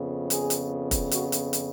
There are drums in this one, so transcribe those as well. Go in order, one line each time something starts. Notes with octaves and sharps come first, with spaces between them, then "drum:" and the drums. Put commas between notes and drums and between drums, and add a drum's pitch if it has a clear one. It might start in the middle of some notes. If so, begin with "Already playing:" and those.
Already playing: F2 C#3 F3 B3
G#4, drum: hi-hat
drum: hi-hat
drum: kick, hi-hat
F#4, drum: hi-hat
drum: hi-hat
drum: hi-hat